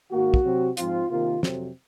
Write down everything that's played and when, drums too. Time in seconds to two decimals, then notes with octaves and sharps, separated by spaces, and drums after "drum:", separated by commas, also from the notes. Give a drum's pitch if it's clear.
0.11 G#2 D#3 A#3 F#4
0.34 drum: kick
0.44 C3 F#3 C4
0.77 G#2 F3 C4 F4, drum: hi-hat
1.10 C3 D#3 A#3 F4
1.43 F2 C3 F#3 C4, drum: snare